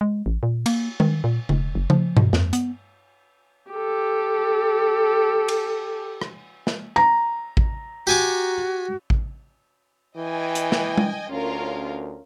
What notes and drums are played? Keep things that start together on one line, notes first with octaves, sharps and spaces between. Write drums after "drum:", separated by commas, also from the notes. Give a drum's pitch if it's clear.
G#3
A1
A#2
A#3, drum: cymbal
D#3, drum: tom G#3
A#2
E1, drum: tom C#3
F#1
F3, drum: tom C#3
B2, drum: tom G2
F2, drum: snare
B3, drum: hi-hat
G4 A4
drum: cymbal
drum: rim click
drum: snare
A#5
drum: kick A1
F#4 G4 G#5 D6
drum: kick A1
E3 D#5 G5 G#5
drum: hi-hat
drum: snare
drum: tom G#3
D2 C#4 F4 A#4